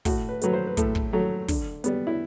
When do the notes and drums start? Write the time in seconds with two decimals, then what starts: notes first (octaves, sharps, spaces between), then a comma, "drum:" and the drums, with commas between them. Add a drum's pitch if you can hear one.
0.05 A2 F#4, drum: kick, open hi-hat
0.29 B4
0.41 F#3 A3 B4, drum: hi-hat
0.53 C5
0.67 B4
0.77 A2 A4, drum: kick, hi-hat
0.95 drum: kick
1.13 F#3 A3
1.48 D3, drum: kick, open hi-hat
1.84 G3 B3, drum: hi-hat
2.07 E4